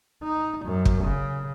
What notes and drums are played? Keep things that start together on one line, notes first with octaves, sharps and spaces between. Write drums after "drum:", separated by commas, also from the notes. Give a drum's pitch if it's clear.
D#4
F#2
drum: kick
C#3